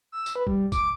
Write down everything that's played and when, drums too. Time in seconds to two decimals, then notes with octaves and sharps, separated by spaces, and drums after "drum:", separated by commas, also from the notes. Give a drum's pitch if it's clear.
0.12 E6
0.26 drum: tambourine
0.36 B4
0.47 G3, drum: kick
0.72 D6, drum: kick, tambourine